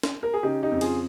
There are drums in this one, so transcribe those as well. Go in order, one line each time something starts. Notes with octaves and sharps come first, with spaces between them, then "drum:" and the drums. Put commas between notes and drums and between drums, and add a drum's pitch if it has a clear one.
drum: snare
A#4
G#4
C#3 D#4 G4
D#4 G4
F2
F4 G#4, drum: cymbal